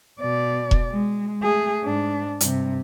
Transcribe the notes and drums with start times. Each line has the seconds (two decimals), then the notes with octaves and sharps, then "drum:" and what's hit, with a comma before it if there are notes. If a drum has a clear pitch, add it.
0.20 B2 D5
0.71 drum: kick E1
0.91 G#3
1.42 A3 G#4
1.84 G#2 D4
2.41 G2 C3, drum: hi-hat